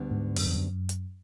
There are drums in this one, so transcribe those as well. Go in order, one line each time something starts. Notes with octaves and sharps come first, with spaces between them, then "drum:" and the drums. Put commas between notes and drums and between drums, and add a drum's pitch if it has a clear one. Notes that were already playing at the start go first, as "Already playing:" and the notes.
Already playing: D2 D3 G3 B3
G#2
F#2, drum: open hi-hat
F2
F#2
drum: hi-hat